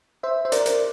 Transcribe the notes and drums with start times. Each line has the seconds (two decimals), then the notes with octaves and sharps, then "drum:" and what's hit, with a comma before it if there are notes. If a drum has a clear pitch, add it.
0.23 C5 E5
0.45 C5
0.52 A#4 D5, drum: hi-hat
0.66 drum: hi-hat